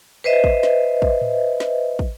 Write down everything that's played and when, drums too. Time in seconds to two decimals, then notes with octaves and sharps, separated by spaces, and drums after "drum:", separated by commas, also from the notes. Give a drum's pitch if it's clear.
0.24 B4 C5 D#5 E5
0.44 drum: kick
0.63 drum: snare
1.02 drum: kick
1.21 drum: tom A2
1.60 drum: snare
1.99 drum: kick